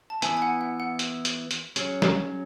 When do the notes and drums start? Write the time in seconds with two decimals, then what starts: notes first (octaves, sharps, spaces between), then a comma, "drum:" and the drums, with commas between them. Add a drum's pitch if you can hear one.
0.10 A5
0.22 E3 B3 E4 G#5, drum: hi-hat
0.37 G#5
0.42 F#5
0.61 F#5
0.80 F#5
0.99 drum: hi-hat
1.25 drum: hi-hat
1.51 drum: hi-hat
1.76 F#3 C#4 G#4 C#5, drum: hi-hat
2.02 drum: snare